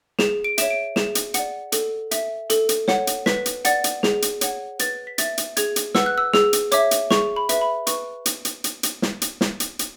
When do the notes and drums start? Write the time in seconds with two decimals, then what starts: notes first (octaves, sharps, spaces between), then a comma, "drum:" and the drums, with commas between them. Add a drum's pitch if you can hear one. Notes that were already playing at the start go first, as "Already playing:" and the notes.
0.19 G#4 E7, drum: snare
0.44 D7
0.58 C#5 E5 E7, drum: hi-hat
0.70 D7
0.96 G#4 E7, drum: snare
1.15 drum: hi-hat
1.34 D5 F#5 C#7, drum: hi-hat
1.72 A4, drum: hi-hat
2.11 E5, drum: hi-hat
2.50 A4, drum: hi-hat
2.69 drum: hi-hat
2.88 C#5 F#5, drum: snare
3.07 drum: hi-hat
3.26 B4 B6, drum: snare
3.46 drum: hi-hat
3.65 D5 F#5 A6, drum: hi-hat
3.84 drum: hi-hat
4.03 G#4, drum: snare
4.22 drum: hi-hat
4.41 C#5 F#5, drum: hi-hat
4.79 B4 A6, drum: hi-hat
5.07 B6
5.18 E5 A6, drum: hi-hat
5.38 drum: hi-hat
5.57 G#4 G#6, drum: hi-hat
5.76 drum: hi-hat
5.95 B4 F#5 E6, drum: snare
6.06 F#6
6.18 E6
6.33 G#4 E6, drum: snare
6.53 drum: hi-hat
6.72 C#5 E5 D6, drum: hi-hat
6.91 drum: hi-hat
7.11 G#4 C#6, drum: snare
7.36 B5
7.49 B4 E5, drum: hi-hat
7.61 B5
7.87 B4 C#6, drum: hi-hat
8.26 drum: hi-hat
8.45 drum: hi-hat
8.64 drum: hi-hat
8.83 drum: hi-hat
9.02 drum: snare
9.22 drum: hi-hat
9.41 drum: snare
9.60 drum: hi-hat
9.79 drum: hi-hat